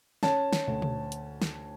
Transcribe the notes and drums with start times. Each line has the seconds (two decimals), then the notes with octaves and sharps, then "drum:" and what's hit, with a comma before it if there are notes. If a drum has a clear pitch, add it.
0.23 C#4 A5, drum: snare
0.53 drum: snare
0.67 D2
0.82 drum: tom
1.12 drum: hi-hat
1.42 drum: snare